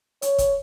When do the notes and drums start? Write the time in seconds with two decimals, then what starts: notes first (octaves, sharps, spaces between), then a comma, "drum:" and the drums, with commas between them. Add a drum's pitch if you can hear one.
0.22 C#5, drum: hi-hat
0.38 drum: kick, hi-hat